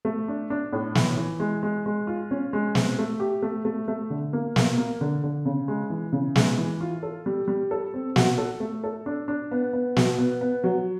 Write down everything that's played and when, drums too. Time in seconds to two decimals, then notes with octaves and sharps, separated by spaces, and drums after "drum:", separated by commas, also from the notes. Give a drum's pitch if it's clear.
0.05 A3
0.28 D4
0.50 D4
0.73 A2
0.95 E3, drum: snare
1.18 E3
1.40 G#3
1.63 G#3
1.86 G#3
2.07 F4
2.31 C#4
2.53 G#3
2.75 C4, drum: snare
2.98 A3
3.20 G4
3.42 A3
3.65 A3
3.88 A3
4.10 D3
4.33 A#3
4.56 A#3, drum: snare
4.78 A#3
5.01 D3
5.24 D3
5.45 C#3
5.68 G#3
5.90 E3
6.13 C#3
6.36 G#3, drum: snare
6.58 E3
6.81 F4
7.03 A4
7.26 G3
7.48 G3
7.71 A4
7.94 C4
8.16 F#4, drum: snare
8.38 A4
8.60 A3
8.84 A4
9.06 D4
9.28 D4
9.51 B3
9.73 B3
9.96 B2, drum: snare
10.19 B3
10.41 B3
10.64 F#3